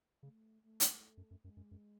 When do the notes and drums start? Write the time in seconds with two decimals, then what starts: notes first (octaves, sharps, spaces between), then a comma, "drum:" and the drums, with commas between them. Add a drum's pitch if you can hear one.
0.22 C#3 A3
0.64 A3
0.80 drum: hi-hat
1.17 F#2
1.31 F#2
1.44 F#2 G#3
1.57 F#2
1.71 F#2